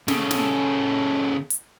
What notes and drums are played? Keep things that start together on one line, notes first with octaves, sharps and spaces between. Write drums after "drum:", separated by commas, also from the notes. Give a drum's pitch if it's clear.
C#3 A4, drum: snare
drum: snare
drum: hi-hat